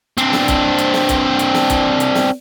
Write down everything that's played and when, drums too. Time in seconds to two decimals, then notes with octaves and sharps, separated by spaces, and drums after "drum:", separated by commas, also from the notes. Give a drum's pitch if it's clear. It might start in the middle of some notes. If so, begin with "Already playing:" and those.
0.18 C4 D4, drum: hi-hat
0.33 drum: snare
0.48 drum: kick, hi-hat
0.78 drum: hi-hat
0.94 drum: snare
1.09 drum: kick, hi-hat
1.39 drum: hi-hat
1.54 drum: snare
1.70 drum: kick, hi-hat
2.00 drum: hi-hat
2.15 drum: snare